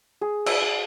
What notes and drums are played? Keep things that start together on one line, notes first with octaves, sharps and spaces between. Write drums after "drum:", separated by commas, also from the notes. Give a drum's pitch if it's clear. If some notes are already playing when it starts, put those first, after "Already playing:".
G#4
E5, drum: cymbal
E6